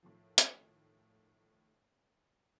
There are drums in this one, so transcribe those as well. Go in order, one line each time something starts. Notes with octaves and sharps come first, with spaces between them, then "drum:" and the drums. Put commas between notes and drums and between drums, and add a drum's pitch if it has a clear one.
A2 D#3 F3
drum: hi-hat